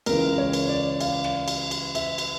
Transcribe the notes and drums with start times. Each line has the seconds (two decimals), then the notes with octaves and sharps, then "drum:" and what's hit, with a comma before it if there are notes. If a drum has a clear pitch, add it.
0.06 C#2 C#3 E3 A#4, drum: cymbal
0.38 C#5
0.53 drum: cymbal
0.69 D5
1.01 F5, drum: cymbal
1.24 drum: rim click
1.48 drum: cymbal
1.71 drum: cymbal
1.95 E5, drum: cymbal
2.18 drum: cymbal